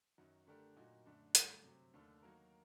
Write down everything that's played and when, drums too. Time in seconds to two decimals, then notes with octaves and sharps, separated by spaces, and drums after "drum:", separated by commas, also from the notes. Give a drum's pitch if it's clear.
0.18 F#2 D#3 F#3
0.47 D3 A3 D4 G4 A#4
0.76 A#2 F#3 A#3 D#4 F#4
1.06 F#2 D3 A3 D4
1.35 G2 D3 F#3 A3, drum: hi-hat
1.64 C3 F#3 C4
1.93 D#2 D3 A3 D4 A4
2.23 D#3 F#3 A#3 F#4 A#4